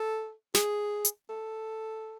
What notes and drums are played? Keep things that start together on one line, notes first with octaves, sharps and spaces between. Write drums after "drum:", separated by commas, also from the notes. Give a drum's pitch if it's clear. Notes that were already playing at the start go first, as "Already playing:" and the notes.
Already playing: A4
G#4, drum: snare
drum: hi-hat
A4